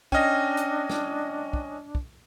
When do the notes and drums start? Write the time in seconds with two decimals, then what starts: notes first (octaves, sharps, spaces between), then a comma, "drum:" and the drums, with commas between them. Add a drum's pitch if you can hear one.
0.12 C#4 D4 D#5 G5 F6 A#6, drum: kick
0.57 drum: hi-hat
0.90 drum: snare
1.53 drum: kick
1.95 drum: kick